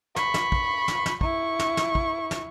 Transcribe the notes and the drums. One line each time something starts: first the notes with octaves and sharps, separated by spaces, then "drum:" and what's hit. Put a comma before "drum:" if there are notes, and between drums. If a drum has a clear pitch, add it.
B5 C#6, drum: snare
drum: snare
drum: kick
drum: snare
drum: snare
E4 C#6, drum: kick
drum: snare
drum: snare
drum: kick
drum: snare